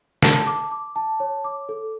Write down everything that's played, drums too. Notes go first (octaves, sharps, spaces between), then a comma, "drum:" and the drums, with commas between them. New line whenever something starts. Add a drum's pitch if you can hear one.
A5, drum: snare
D6
D6
A5
C#5
D6
A4